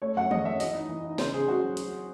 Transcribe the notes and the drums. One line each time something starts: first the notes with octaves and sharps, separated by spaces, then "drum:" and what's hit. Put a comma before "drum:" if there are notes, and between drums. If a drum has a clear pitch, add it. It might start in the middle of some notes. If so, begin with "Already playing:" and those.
A3 C#5
F#2 F#5
C#4 D#5, drum: tom D#3
C#4 E5
E3 D#5, drum: open hi-hat
D#4
E3
D#4
C#3 C5, drum: snare
C#3 G#4
C#3 F#4
F#3
F#3, drum: hi-hat